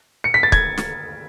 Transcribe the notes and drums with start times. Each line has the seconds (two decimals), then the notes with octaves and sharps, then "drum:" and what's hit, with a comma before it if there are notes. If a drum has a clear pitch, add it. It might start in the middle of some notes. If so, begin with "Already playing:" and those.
0.24 C#7
0.34 B6
0.43 A6
0.52 G#6, drum: kick
0.78 drum: snare